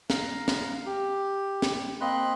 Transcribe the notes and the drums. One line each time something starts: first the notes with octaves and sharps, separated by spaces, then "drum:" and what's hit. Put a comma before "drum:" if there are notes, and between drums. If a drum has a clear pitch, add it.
F5 A#5, drum: snare
drum: snare
G4
drum: snare
A#3 C4 D#5 B5 C6 F#6